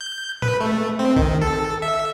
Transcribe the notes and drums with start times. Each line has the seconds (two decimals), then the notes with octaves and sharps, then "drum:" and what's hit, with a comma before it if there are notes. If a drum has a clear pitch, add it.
0.01 G6
0.42 B4, drum: tom
0.60 A3
0.99 C4
1.16 D#3, drum: kick
1.41 A4
1.82 E5